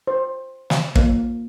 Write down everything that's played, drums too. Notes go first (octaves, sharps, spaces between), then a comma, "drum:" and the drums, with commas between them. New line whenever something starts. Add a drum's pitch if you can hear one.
C5
drum: snare
A#3, drum: kick